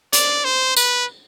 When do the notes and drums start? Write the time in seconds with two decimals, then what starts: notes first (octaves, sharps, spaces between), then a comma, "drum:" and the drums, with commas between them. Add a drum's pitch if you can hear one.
0.13 D5, drum: hi-hat
0.45 C5
0.77 B4, drum: tambourine